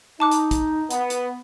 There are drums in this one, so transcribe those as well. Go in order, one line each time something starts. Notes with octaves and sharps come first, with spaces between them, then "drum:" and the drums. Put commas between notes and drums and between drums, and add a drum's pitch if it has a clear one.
D#4 A5 D6 F#6
drum: hi-hat
drum: kick, hi-hat
B3, drum: hi-hat
drum: hi-hat